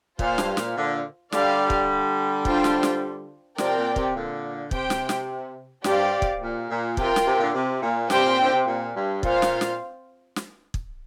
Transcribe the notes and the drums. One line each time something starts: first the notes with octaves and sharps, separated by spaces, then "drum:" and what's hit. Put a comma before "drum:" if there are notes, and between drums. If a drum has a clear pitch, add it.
A#2 F4 C5 F5, drum: kick
G2, drum: snare
A#2, drum: snare
A#2 D3
D3 G3 G4 D5 F5, drum: snare
drum: kick
D4 F4 C5 G5, drum: kick
drum: snare
drum: snare
C3 F3 C4 A#4 D5 G5, drum: snare
A#2
C3, drum: kick
A#2 D3
C3 G4 C5 G5, drum: kick
drum: snare
drum: snare
G2 C4 G4 D5 F5, drum: snare
drum: kick
A#2
A#2
C3 F4 A#4 G5, drum: kick
drum: snare
C3
A#2 D3
C3
A#2
G2 C4 G4 C5 G5, drum: snare
A#2
A#2 D3
C3
A#2
G2
A#2 C4 F4 C5 F5, drum: kick
drum: snare
drum: snare
drum: snare
drum: kick